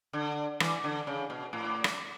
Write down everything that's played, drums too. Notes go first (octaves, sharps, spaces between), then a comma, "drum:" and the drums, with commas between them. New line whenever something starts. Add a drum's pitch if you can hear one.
D3
E3, drum: rim click
D3
C#3
B2
A2
drum: rim click